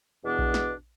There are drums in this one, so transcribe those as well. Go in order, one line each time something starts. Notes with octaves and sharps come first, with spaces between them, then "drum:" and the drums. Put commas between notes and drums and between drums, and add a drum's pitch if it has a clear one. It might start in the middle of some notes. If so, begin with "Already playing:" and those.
E2 B2 B3 D4
drum: kick A#1
drum: snare